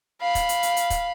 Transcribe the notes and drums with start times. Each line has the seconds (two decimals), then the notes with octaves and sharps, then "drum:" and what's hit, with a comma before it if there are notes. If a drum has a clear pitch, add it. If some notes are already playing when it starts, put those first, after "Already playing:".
0.21 F5 B5
0.35 drum: kick, hi-hat
0.49 drum: hi-hat
0.63 drum: hi-hat
0.77 drum: hi-hat
0.90 drum: kick, hi-hat